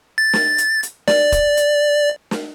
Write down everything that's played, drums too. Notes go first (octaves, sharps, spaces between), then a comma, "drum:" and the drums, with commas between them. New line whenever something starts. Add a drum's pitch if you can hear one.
A6
drum: snare
drum: hi-hat
drum: hi-hat
D5, drum: snare
drum: kick, hi-hat
drum: hi-hat
drum: snare